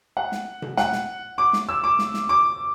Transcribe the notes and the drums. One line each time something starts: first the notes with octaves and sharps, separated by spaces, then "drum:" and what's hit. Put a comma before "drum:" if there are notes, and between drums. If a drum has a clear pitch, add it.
F#5
drum: snare
drum: tom B2
F#5, drum: snare
drum: snare
D6
drum: snare
E6
D6
drum: snare
drum: snare
D6